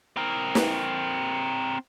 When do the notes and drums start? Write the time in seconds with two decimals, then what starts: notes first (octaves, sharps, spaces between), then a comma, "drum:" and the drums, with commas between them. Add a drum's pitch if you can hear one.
0.17 C4 A#4
0.55 drum: snare